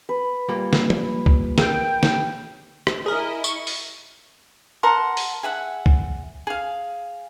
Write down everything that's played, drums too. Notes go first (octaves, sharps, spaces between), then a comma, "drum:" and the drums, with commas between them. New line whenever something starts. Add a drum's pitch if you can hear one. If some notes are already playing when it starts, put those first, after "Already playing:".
B4
A#2 G3 A#3
drum: snare
drum: tom
drum: kick C2
G#4 A#4 G5, drum: snare
drum: snare
drum: rim click
E4 G#4 A#4 D#5
C#6, drum: tambourine
drum: open hi-hat
A#4 F#5 A5 C6
drum: open hi-hat
G#4 E5 F#5
drum: kick C2
G#4 F5